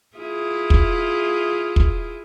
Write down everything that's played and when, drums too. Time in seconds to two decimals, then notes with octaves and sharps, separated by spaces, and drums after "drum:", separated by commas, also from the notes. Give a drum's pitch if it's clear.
0.17 E4 F4 G#4
0.70 drum: kick
1.76 drum: kick